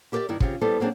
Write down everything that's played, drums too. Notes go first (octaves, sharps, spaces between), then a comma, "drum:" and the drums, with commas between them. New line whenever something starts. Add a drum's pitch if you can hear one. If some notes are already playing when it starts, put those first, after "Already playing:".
E4 G4 A#4 B4 D5 E5
G2 D#3 E4
C#3 C4 F4 G4, drum: kick
G3 B3 E4 A4 C5
F#3 A#3 C4 D4 G#4